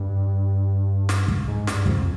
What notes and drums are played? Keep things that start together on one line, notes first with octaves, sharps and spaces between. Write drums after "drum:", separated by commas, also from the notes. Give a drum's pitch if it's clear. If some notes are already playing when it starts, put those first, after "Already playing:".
Already playing: G2
drum: snare
drum: kick
G#2
G2, drum: snare
F2, drum: kick